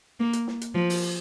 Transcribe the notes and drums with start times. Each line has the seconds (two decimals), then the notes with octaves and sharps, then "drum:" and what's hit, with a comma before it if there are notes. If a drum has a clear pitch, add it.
0.20 A#3
0.33 drum: hi-hat
0.47 drum: snare
0.61 drum: hi-hat
0.75 F3
0.90 drum: open hi-hat